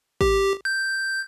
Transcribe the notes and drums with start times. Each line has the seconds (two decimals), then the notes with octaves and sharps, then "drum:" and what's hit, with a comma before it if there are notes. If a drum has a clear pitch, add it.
0.21 G4, drum: kick G#1
0.65 G6